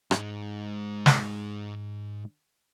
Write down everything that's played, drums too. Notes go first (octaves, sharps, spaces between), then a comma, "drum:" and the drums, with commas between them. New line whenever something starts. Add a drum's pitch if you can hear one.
G#2 G#3, drum: rim click
drum: snare